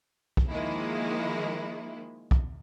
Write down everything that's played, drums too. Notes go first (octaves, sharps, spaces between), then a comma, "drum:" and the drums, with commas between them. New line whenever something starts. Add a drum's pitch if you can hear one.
drum: kick
D#3 F3 G#3 A#3 E4
drum: kick